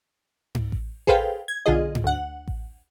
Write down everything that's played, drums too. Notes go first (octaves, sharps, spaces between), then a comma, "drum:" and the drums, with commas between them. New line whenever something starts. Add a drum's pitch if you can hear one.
drum: tom G#2
drum: kick A1
G#4 A4 B4 C5 F5 G5, drum: kick A1
G#6
B1 D3 F4 G#4 D#5
drum: tom G#2
D2 F#5
drum: kick A1